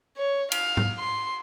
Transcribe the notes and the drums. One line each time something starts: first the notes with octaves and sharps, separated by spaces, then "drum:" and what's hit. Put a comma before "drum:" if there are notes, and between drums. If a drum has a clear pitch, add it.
C#5
F5, drum: cymbal
drum: tom G#2
C6